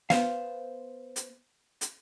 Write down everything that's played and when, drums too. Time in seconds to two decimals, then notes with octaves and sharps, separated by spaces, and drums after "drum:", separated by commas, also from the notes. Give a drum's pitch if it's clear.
0.10 B3 C5 F5, drum: snare
1.16 drum: hi-hat
1.81 drum: hi-hat